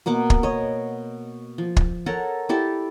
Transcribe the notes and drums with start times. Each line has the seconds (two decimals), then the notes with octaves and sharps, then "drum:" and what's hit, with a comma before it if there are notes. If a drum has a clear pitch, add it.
0.06 B2 A#3 F#5 D6
0.30 drum: kick
0.43 C#5 D#5
1.58 F3
1.77 drum: kick
2.06 A4 A#4 C#5 F#5
2.49 E4 G4 A4 D5